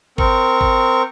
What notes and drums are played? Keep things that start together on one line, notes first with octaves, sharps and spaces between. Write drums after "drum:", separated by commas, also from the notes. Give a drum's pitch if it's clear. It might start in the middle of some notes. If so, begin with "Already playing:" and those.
C4 A#4 C#6, drum: kick
drum: kick